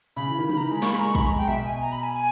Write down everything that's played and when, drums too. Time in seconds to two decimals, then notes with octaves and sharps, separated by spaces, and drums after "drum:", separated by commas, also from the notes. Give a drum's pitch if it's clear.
0.16 C#3 B5
0.28 E3
0.39 D#3
0.49 D#3 B5, drum: tom C3
0.57 A#5
0.61 E3 B5
0.71 G#3 B5
0.82 A#3 C#6, drum: snare
0.91 B5
0.93 G#3
0.99 A#5
1.04 G#3 C#6
1.15 G#3 B5, drum: kick
1.26 A#5
1.37 G5
1.48 B2 E5
1.65 G#5
1.81 A#5
1.92 B5
2.03 G#5
2.14 G#5